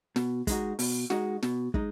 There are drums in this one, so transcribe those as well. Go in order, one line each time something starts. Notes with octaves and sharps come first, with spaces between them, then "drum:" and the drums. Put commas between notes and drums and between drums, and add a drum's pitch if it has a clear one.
B2, drum: snare
G#3 D#4 F#4, drum: kick, hi-hat
B2, drum: open hi-hat
G#3 D#4 F#4, drum: snare
B2, drum: snare
G#3 D#4, drum: kick